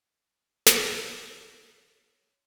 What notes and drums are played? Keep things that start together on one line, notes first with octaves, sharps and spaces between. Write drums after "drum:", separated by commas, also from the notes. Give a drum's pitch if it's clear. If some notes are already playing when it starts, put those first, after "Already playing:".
drum: snare
C6 D6
C#5 F7